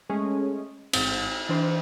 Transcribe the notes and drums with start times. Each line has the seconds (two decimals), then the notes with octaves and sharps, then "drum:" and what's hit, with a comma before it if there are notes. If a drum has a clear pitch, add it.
0.09 G#3 A3 C#4 G#4
0.93 A1 G#2 C4, drum: cymbal
1.49 E3 D4 C5 D6